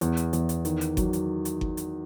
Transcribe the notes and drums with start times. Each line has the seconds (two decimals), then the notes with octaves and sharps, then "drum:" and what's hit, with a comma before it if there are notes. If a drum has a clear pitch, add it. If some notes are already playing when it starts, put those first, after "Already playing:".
0.01 E2, drum: hi-hat
0.17 drum: hi-hat
0.33 E2, drum: hi-hat
0.49 drum: hi-hat
0.65 D#3, drum: hi-hat
0.81 drum: hi-hat
0.97 F#3, drum: kick G1, hi-hat
1.13 drum: hi-hat
1.45 drum: hi-hat
1.61 drum: kick G1
1.77 drum: hi-hat